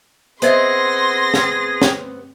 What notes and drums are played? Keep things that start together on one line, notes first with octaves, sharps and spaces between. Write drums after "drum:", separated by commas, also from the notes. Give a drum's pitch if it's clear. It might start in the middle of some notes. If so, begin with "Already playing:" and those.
B3 C4 G#4 C5 D#5 E5 C6 A#6, drum: hi-hat
drum: snare
drum: snare